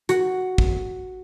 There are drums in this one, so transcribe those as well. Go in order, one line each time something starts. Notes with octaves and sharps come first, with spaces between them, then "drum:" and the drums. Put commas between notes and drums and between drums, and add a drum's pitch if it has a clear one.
F#4, drum: hi-hat
drum: kick